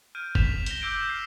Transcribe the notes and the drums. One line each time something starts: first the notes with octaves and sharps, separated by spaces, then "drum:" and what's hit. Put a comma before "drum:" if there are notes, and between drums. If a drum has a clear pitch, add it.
F6 G6 D7 D#7
B6 E7 F7, drum: kick F#1
A#6 G7, drum: hi-hat
D6 E6 G6 C7 D7 E7
F6 C7